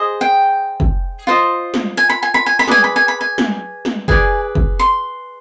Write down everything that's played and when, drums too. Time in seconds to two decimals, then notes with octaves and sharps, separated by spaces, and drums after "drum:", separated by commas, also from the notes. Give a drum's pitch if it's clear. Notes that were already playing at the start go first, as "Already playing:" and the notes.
Already playing: G#4 C5 D#5
0.21 G5
0.80 drum: kick
1.27 F4 C5 D#5
1.74 drum: snare
1.97 G#5
2.09 B5
2.23 G#5
2.34 B5
2.46 G#5
2.59 B5
2.67 G#4 B4 D5 G#5, drum: snare
2.84 B5
2.96 G#5
3.08 B5
3.21 G#5
3.38 drum: snare
3.85 drum: snare
4.08 G#4 B4 D5 G#5, drum: kick
4.55 drum: kick
4.79 C6